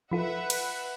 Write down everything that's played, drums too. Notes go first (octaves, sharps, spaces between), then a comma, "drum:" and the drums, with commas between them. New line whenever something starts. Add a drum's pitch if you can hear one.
F3 F4 A4 B4 E5 F#5
drum: cymbal